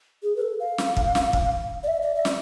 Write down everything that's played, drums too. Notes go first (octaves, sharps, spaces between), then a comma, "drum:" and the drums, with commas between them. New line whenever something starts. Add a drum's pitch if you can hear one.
G#4
B4
A4
F5
drum: snare
drum: kick
drum: snare
drum: kick
D5
E5
D5
E5
drum: snare